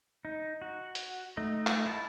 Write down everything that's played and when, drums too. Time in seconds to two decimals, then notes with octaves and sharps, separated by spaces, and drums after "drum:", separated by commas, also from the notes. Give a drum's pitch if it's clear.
0.25 D#4
0.62 F#4
0.95 drum: hi-hat
1.37 A3 D#4 D#5
1.67 drum: clap
1.86 E4 A5